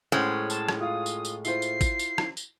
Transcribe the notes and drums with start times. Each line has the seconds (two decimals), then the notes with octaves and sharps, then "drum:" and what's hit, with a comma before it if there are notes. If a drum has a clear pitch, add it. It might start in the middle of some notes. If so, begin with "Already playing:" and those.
0.12 A2 G#3 C#4 C5 F#5
0.50 A5, drum: tambourine
0.69 drum: rim click
0.81 F4 F5 D#6
1.06 drum: tambourine
1.25 drum: tambourine
1.45 E4 F4 C5 C7, drum: tambourine
1.62 drum: tambourine
1.81 drum: kick G#1, tambourine
1.99 drum: tambourine
2.18 drum: rim click
2.37 drum: tambourine